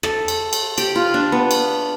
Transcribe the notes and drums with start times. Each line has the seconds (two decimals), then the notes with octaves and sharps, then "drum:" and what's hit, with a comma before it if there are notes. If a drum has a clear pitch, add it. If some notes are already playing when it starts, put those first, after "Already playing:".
0.03 A4, drum: rim click
0.28 drum: cymbal
0.53 drum: cymbal
0.78 G4, drum: cymbal
0.96 F4
1.14 D4
1.32 B3
1.51 drum: cymbal